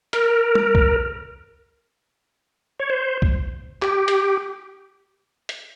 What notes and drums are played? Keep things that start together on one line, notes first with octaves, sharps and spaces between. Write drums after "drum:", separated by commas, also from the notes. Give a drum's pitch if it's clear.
A#4, drum: hi-hat
drum: tom
drum: kick B1
C#5
C5
drum: kick B1
G4, drum: clap
drum: hi-hat
drum: hi-hat